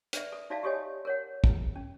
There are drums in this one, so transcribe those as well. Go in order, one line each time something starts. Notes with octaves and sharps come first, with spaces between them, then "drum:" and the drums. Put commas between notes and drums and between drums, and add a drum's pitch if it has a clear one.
B4 D5 E5, drum: hi-hat
A4
D#4 F#4 D5 E5 F5 A5
F#4 G4 A4 C#5 D#5 G#5
A#4 C#5 F#5
drum: kick
C#4